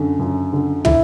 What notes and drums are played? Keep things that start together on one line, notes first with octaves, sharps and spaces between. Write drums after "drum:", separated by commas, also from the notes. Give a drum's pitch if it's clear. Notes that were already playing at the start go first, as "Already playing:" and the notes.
Already playing: F#2 D3
F#2
D3
E4, drum: tom